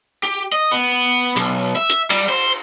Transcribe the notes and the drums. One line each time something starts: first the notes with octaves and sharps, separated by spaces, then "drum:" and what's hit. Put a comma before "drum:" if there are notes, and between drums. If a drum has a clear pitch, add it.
G4
D#5
B3
B1, drum: hi-hat
E5
drum: hi-hat
G3, drum: cymbal
C5